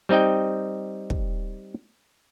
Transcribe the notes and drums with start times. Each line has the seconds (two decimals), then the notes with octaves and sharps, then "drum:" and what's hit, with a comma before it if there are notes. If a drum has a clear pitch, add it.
0.09 G3 C4 D#4 D#5 G5
1.10 drum: kick